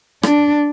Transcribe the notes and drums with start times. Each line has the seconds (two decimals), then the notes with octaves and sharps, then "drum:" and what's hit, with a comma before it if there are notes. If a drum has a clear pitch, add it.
0.23 D4, drum: rim click